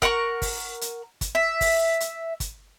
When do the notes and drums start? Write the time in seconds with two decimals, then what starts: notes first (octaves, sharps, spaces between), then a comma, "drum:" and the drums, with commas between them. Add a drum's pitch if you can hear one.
0.02 A#4 F#5 A#5 C#6, drum: kick
0.42 drum: kick, open hi-hat
0.81 drum: hi-hat
1.21 drum: kick, hi-hat
1.35 E5
1.61 drum: kick, open hi-hat
2.00 drum: hi-hat
2.40 drum: kick, hi-hat